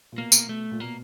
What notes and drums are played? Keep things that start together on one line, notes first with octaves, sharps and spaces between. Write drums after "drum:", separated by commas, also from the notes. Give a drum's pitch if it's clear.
A#2
B2 A#3
drum: tambourine
A3
A#2
B2 A#3